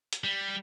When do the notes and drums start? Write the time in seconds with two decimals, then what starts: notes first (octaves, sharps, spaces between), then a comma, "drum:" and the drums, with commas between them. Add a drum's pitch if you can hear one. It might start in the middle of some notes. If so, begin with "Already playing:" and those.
0.13 drum: hi-hat
0.24 G3